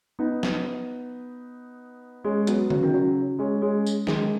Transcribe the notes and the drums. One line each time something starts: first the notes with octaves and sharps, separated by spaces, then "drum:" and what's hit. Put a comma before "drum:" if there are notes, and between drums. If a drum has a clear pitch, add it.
B3 D#4
drum: snare
G#3 C#4
F#3 B3, drum: hi-hat
C#3 F#3, drum: tom
D#3
C#3 F#3
G#3 C#4
G#3 C#4
drum: tambourine
D#3 G#3, drum: snare